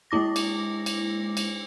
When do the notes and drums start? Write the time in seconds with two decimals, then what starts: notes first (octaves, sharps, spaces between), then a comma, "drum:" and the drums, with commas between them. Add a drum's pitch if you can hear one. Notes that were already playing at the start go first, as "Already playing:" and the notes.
0.11 G#3 A#3 E4 D6 A#6
0.36 drum: cymbal
0.86 drum: cymbal
1.37 drum: cymbal